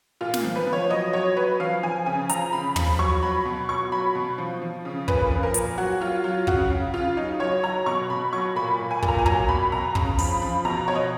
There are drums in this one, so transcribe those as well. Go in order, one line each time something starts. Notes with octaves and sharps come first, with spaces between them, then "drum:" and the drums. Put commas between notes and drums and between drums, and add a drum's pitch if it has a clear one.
A#2 F4
drum: snare
F3
B4
F3
C#5
F#3 D#5
F#3 C#5
F#3 B4
F3 F5
F3 G#5
C#3 G#5
F3 A#5, drum: hi-hat
C#3 B5
F3 B5, drum: tom
F#3 C#6
F#3 B5
B2
F#3 C#6
F#3 B5
B2
F3
F3
C#3
A#2 B4, drum: kick
F3
A#4
A#2, drum: hi-hat
F#3 F#4
F#3 F4
F#3 F4
C#3 F#4, drum: kick
C#3
C#3 F4
F#3 D#4
F#3 C#5
F#3 A#5
B2 C#6
B2 B5
F#3 C#6
A#2 B5
A#2
G#5
A#2, drum: kick
A#5
G#5
F#3 A#5, drum: kick
B2 B5
B2 A#5
C#3 A#5, drum: kick
F3 B5, drum: open hi-hat
F3 B5
B2 A#5
B2 C#5
D#5